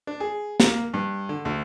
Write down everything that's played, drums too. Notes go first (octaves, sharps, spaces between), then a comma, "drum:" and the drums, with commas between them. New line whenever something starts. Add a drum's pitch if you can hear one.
D4
G#4
A#3, drum: snare
G2
D3
D2